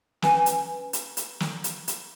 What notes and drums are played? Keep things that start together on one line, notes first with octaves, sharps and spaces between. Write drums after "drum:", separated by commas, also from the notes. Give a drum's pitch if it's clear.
C#4 D4 B4 G#5 A#5, drum: snare
drum: hi-hat
drum: hi-hat
drum: hi-hat
drum: snare
drum: hi-hat
drum: hi-hat